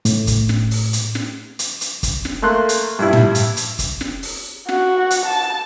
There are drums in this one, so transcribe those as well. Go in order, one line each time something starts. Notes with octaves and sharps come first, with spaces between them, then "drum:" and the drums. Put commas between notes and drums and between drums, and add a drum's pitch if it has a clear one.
A2, drum: hi-hat
drum: kick, hi-hat
drum: snare
drum: open hi-hat
drum: hi-hat
drum: snare
drum: hi-hat
drum: hi-hat
drum: kick, hi-hat
drum: snare
A3 A#3 C6 F#6
drum: hi-hat
G2 E4
drum: tom
drum: hi-hat
drum: hi-hat
drum: kick, hi-hat
drum: snare
drum: open hi-hat
F#4, drum: snare
drum: hi-hat
A5